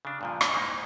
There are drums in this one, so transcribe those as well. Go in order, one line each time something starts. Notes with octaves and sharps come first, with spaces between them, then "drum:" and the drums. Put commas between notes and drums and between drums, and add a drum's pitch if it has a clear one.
C#3 D4
G2 A#2 F3
drum: rim click
G#2 D#3 E3 A#3